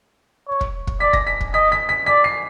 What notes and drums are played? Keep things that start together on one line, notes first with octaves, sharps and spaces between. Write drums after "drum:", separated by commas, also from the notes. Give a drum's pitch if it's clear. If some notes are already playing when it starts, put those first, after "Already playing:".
C#5
drum: kick
drum: kick
D5 B6
A#6, drum: kick
B6
drum: kick
D#5 B6
B6
B6
D5 B6
C7